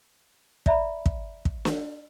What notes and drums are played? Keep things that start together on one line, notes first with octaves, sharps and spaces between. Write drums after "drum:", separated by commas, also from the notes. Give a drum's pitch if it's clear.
D5 E5 A#5 B5, drum: kick
drum: kick
drum: kick
drum: snare